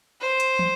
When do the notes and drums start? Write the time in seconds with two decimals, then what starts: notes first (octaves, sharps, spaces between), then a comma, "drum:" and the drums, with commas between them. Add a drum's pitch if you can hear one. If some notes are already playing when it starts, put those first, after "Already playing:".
0.21 C5
0.40 drum: hi-hat
0.59 drum: tom